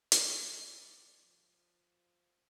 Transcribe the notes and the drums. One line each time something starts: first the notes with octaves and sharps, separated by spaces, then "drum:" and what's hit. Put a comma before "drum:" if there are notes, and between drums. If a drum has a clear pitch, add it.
D5, drum: hi-hat
F3